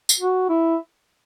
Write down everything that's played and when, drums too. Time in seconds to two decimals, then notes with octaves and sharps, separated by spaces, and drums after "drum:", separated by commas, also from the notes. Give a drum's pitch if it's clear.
0.09 drum: tambourine
0.19 F#4
0.49 E4